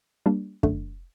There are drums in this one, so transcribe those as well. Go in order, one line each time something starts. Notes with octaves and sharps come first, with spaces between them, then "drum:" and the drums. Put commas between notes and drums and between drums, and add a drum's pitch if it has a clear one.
G3 A#3 D4
F#2 D3 A3 D4, drum: kick